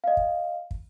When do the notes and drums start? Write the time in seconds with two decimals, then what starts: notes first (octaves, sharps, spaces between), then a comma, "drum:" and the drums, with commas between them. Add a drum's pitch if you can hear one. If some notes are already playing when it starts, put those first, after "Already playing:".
0.04 D#5 F5
0.17 drum: kick
0.71 drum: kick